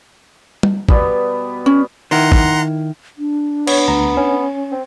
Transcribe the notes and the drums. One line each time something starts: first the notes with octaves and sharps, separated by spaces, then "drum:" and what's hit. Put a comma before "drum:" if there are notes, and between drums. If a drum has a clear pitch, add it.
drum: tom G3
B2 G3 B3, drum: kick
C#4
D#3 E4 F#5 A#5 C6
drum: kick
D4
B3 C#5, drum: cymbal
D2 A#5
C#4
C4